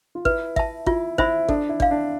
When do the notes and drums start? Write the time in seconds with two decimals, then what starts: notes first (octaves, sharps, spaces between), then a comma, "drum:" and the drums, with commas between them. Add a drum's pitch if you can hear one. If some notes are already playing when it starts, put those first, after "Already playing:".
0.15 F4
0.25 E4 B4, drum: kick G#1
0.56 E5 A5, drum: kick G#1
0.86 E4 F4, drum: kick G#1
1.18 E4 C5 E5 B5, drum: kick G#1
1.49 D4 A4, drum: kick G#1
1.69 E4
1.80 D5 F5, drum: kick G#1
1.91 D4